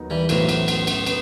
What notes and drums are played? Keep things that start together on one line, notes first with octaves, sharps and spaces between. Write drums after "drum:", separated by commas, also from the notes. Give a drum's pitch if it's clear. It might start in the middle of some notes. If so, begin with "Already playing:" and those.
Already playing: D#2 D#3 F#3 B3 D#4
E3 G3
B1 A2 C3 E3 F#3 A3, drum: cymbal
drum: cymbal
drum: cymbal
drum: cymbal
B3, drum: cymbal